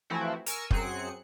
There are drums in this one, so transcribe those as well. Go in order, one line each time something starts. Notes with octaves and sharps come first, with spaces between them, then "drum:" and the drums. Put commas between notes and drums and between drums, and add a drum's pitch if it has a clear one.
E3 F3 A3 C4 E4 F#4
A#4 G#5 C#6 E6, drum: hi-hat
F#2 F#3 C4 G#4 F#6 C#7, drum: kick